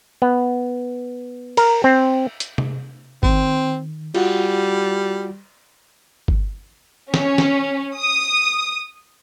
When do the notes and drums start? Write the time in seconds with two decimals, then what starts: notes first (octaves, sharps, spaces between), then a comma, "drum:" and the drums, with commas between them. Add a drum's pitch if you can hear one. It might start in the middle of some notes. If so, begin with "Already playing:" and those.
0.22 B3
1.57 A#4, drum: cymbal
1.84 C4
2.40 drum: hi-hat
2.58 drum: tom C3
3.23 D#3 C4, drum: kick G1
4.15 G3 F4 F#4 F#5, drum: cymbal
6.28 drum: kick G1
7.14 C#4, drum: snare
7.38 drum: snare
7.99 D#6